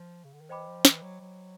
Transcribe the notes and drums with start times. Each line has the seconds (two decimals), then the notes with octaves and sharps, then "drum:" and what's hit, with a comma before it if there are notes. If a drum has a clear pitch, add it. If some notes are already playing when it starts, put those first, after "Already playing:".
Already playing: F3
0.24 C#3
0.33 D3
0.41 D#3
0.49 E3 C5 D#5 G5 B5 D6
0.67 F3
0.85 E3, drum: snare
1.02 F#3
1.20 F#3